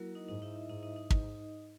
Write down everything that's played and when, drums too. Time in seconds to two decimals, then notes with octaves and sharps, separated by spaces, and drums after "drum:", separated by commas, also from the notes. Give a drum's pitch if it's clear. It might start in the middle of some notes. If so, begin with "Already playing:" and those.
Already playing: F#3 A#3 E4 F#4 A#4
0.15 D#4 D#5
0.29 G#2 D#4 D#5
0.42 E4 E5
0.56 E4 E5
0.69 G#2 D#4 D#5
0.83 D#4 D#5
0.96 D#4 D#5
1.10 G#2, drum: kick